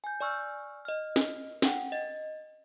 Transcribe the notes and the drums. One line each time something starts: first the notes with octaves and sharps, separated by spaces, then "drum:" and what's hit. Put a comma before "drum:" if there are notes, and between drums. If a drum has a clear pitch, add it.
G#5 G6
D5 G#5 C#6 E6 F6 G6
D#5 F6
drum: snare
F#5 G5, drum: snare
D#5 A6